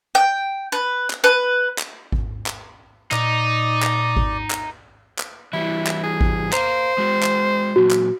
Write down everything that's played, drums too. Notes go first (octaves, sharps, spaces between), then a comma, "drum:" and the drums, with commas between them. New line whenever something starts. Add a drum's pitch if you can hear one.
G5
B4
drum: clap
B4
drum: clap
drum: kick G#1
drum: clap
A#2 D#4 D5, drum: clap
drum: clap
drum: kick G#1
drum: clap
drum: clap
E3 G3 E4
drum: clap
G#4
drum: kick G#1
C5 F5 A#5, drum: clap
G#3 F#4
drum: clap
A#2 F#3 F#4
drum: clap